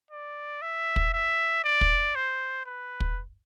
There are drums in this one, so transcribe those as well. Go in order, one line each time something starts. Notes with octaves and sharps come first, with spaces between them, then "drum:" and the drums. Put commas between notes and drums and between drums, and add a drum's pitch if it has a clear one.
D5
E5
drum: kick
E5
D5
drum: kick
C5
B4
drum: kick